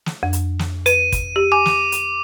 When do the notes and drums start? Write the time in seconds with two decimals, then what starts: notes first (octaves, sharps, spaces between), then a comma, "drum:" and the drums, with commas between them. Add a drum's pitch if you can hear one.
0.06 drum: snare
0.23 F2
0.33 drum: hi-hat
0.59 drum: snare
0.86 B4 D#7, drum: hi-hat
1.12 drum: kick, hi-hat
1.36 G4
1.52 G#5 D6
1.66 drum: snare
1.92 drum: hi-hat